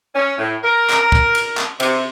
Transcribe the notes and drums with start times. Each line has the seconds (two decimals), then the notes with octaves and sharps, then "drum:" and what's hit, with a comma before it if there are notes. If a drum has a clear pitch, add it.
0.15 C#4
0.38 A2
0.63 A#4
0.90 drum: clap
1.12 drum: kick
1.35 drum: cymbal
1.57 drum: clap
1.80 C3, drum: cymbal